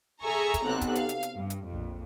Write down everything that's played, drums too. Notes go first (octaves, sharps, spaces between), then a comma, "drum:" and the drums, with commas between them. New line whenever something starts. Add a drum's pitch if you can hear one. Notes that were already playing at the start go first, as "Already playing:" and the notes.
G#4 A4 E5 G#5 A#5 C#6
drum: kick, hi-hat
B1 C3 B3 A4 F#6
drum: kick, hi-hat
F5, drum: hi-hat
drum: hi-hat
drum: hi-hat
G2
drum: hi-hat
A#1 F2